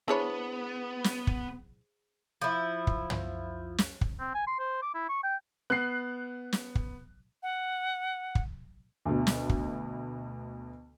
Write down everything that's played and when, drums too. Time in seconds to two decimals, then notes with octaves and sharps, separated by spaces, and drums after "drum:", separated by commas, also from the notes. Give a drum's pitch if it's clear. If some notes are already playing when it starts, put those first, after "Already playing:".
0.08 E3 B3 D4 G#4 C5 C#5 B5
1.04 drum: snare
1.27 drum: kick
2.41 F3 E4
2.87 drum: kick
3.10 drum: tom
3.78 drum: snare
4.01 drum: kick
4.20 C4
4.34 G#5
4.47 C6
4.59 C5
4.82 D6
4.95 E4
5.09 C#6
5.23 G5
5.70 B3 F#6 C7
6.53 drum: snare
6.75 drum: kick
7.43 F#5
8.35 drum: kick
9.05 D2 B2
9.27 drum: snare
9.49 drum: kick